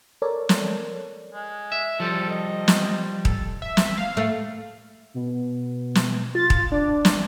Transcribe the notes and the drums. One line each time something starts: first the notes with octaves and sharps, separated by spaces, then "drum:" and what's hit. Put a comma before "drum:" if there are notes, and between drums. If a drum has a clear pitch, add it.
A4 A#4 C#5 D5
drum: snare
G#3
E5
F3 G3 A4
D#5
drum: snare
A4, drum: kick D#1
E5
drum: snare
F5
A3
B2
drum: snare
F4 A6
drum: kick D#1
D4 D5
drum: snare